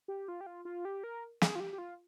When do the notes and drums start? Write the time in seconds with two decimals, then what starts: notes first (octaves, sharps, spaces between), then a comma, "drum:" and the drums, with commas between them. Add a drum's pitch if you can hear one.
0.08 G4
0.28 F4
0.41 G4
0.46 F4
0.65 F4
0.85 G4
1.04 A#4
1.42 G#4, drum: snare
1.55 F4
1.60 G4
1.73 G4
1.78 F4